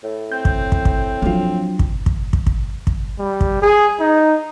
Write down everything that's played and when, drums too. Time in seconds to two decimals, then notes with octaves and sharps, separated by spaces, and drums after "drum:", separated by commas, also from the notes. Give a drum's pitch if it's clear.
0.04 A2
0.32 C4 G6
0.45 drum: kick
0.72 drum: kick
0.85 drum: kick
1.22 F3 F#3 D4 F4
1.79 drum: kick
2.06 drum: kick
2.33 drum: kick
2.47 drum: kick
2.87 drum: kick
3.19 G3
3.41 drum: kick
3.62 G#4
4.00 D#4